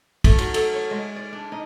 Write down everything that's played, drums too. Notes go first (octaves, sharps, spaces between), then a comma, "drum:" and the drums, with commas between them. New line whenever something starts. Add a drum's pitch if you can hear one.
A3, drum: kick, cymbal
F#3, drum: cymbal
A4, drum: cymbal
C#5
G#3
D5
D4
D#4